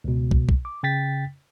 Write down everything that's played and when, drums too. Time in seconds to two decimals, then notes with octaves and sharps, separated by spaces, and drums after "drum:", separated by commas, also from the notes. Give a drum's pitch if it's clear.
0.04 C#2 B2
0.31 drum: kick
0.49 drum: kick
0.65 D6
0.83 C#3 G5 A6 B6